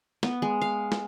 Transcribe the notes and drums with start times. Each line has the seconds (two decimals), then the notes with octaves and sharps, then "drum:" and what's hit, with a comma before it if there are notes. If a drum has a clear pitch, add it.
0.23 B3, drum: snare
0.42 G#3
0.61 F5
0.92 drum: snare